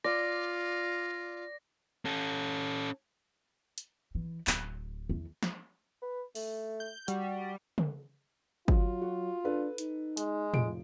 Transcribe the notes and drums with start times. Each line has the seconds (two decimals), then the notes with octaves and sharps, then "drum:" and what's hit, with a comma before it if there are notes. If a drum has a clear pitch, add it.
0.04 F4 D5 A#6
2.05 C#4 A4
3.78 drum: hi-hat
4.15 E3
4.47 D1, drum: clap
5.09 E2
5.43 drum: snare
6.02 B4
6.35 A3, drum: open hi-hat
6.80 G6
7.08 G3 F#4, drum: hi-hat
7.78 drum: tom C#3
8.68 F#3 F4, drum: kick
9.01 F#4
9.45 D4 A4 B4
9.78 D#4, drum: hi-hat
10.17 G#3, drum: hi-hat
10.54 F1 F3 D7, drum: tom A2